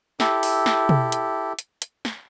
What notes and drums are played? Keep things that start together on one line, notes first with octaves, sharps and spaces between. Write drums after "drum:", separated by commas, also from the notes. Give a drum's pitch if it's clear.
E4 G4 A4, drum: snare
drum: open hi-hat
drum: snare
drum: tom
drum: hi-hat
drum: hi-hat
drum: hi-hat
drum: snare